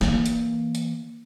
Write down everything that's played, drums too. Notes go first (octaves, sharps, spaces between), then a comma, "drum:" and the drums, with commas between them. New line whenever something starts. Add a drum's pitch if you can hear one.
E3 A#3, drum: snare
drum: hi-hat
drum: hi-hat